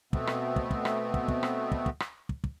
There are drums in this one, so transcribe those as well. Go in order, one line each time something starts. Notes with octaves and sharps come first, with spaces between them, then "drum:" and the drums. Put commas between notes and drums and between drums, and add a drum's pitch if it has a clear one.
B2 A3 B3 C4, drum: kick
drum: rim click
drum: kick
drum: kick
drum: rim click
drum: kick
drum: kick
drum: rim click
drum: kick
drum: kick
drum: rim click
drum: kick
drum: kick